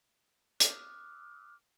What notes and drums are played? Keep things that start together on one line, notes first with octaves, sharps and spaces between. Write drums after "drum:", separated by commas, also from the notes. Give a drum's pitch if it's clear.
D6 D#6 F6 F#6, drum: hi-hat